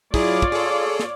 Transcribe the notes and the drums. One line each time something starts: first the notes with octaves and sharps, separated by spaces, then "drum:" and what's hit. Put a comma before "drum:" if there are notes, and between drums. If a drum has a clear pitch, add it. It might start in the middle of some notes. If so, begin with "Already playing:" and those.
F#3 E4 F4 G#4 C#5 D5, drum: kick
drum: kick
G#4 A4
drum: snare